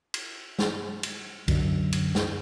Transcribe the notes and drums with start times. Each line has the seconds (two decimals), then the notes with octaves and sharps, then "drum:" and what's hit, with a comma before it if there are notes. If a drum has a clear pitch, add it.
0.14 drum: cymbal
0.59 drum: snare
1.03 drum: cymbal
1.48 F#2 D3, drum: kick C2, cymbal
1.93 drum: cymbal
2.15 drum: snare